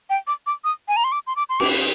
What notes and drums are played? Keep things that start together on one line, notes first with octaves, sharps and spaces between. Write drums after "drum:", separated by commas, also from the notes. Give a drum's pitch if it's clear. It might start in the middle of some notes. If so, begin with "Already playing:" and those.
G5
D6
D6
D#6
G#5
A#5
C6
D6
C6
D6
C6
D6, drum: cymbal